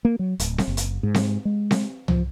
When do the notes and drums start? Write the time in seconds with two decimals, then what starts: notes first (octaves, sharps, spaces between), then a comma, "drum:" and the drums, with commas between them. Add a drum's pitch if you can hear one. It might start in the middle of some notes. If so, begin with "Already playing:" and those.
0.05 A#3
0.19 F#3
0.39 D1, drum: hi-hat
0.58 drum: snare C4
0.68 F#1
0.77 drum: hi-hat
1.03 G#2
1.14 drum: snare C4
1.45 G#3
1.71 drum: snare C4
2.08 F3, drum: tom C2